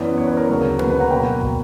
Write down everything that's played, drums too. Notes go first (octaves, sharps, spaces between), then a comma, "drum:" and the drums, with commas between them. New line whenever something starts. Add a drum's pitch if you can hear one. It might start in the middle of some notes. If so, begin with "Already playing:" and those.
Already playing: F#2 E3 B3 B4 D5
C#5
B4
A#4 C#5
D2 C#3 F#3 A#3
B4, drum: tom A#3
B4
F#5 A#5
B2 F#3 A#3 G5 B5
drum: kick